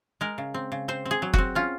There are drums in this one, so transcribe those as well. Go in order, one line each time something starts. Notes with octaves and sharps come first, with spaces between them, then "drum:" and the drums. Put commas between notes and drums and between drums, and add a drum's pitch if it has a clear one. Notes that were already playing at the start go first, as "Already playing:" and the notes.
G#3 A#4
C#3
C4
C#3
C4 C5
C4
G#4
F#3
C4 F#4, drum: kick F#1
C#4 F4